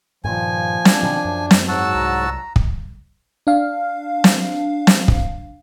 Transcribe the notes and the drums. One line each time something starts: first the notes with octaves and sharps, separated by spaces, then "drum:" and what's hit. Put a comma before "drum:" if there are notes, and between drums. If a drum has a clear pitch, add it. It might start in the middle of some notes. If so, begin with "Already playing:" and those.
G2 A#2 D#3 F3 G#5
D4, drum: snare
B2 D#3
F#2
drum: snare
G#2 F#3 F#4 A5 E6
C2 A#5
drum: kick
D4 F5
drum: snare
drum: snare
drum: kick